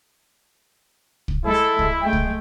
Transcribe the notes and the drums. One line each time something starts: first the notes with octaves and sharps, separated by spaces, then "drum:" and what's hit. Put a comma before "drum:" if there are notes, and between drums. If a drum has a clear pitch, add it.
drum: kick
G#3 E4 A4
drum: kick
G#3 A3 G5
drum: kick